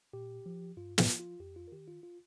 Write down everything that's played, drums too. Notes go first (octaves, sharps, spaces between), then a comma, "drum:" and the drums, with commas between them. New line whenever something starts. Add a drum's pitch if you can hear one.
A#2 G4
F3
G2 F4
F4, drum: snare
F3
F4
F2 G4
F4
A#4
D#3 G4
F4
F4